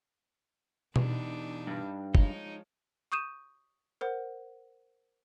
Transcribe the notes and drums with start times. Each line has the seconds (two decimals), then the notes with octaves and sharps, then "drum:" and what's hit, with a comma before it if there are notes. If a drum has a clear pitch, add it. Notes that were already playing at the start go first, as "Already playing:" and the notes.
0.96 B2 E3 D4 D#4 G4, drum: tom B2
1.67 G2
2.15 F3 G#3 D#4 C#5, drum: kick
3.12 C#6 D#6 G6 D#7 E7
4.01 A#4 C5 F#5